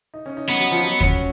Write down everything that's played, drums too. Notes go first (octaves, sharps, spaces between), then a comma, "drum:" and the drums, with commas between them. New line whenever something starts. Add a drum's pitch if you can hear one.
D#4
C#4
D#4
F#3 B3 F#4
F#3 F#4
F3 F4
F#3 F#4
C#4 C#5, drum: kick